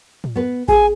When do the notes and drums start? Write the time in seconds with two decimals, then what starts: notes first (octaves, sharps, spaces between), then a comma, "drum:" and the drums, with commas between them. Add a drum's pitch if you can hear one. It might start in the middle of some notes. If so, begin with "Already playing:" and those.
0.24 drum: tom
0.36 B3 B4
0.68 G#4 G#5, drum: kick A1